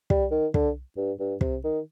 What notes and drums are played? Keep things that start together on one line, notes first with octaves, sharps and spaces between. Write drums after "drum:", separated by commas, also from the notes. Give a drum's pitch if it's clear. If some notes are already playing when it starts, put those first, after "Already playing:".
G3, drum: kick
D#3
D3, drum: kick
G2
G2
C3, drum: kick
D#3